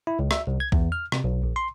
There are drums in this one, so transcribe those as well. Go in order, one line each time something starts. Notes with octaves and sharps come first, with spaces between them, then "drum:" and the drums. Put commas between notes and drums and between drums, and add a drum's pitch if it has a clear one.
E4
C#2
E5, drum: rim click
C2
G#6
E2, drum: kick B1
F6
C3, drum: rim click
B1
A#1
C6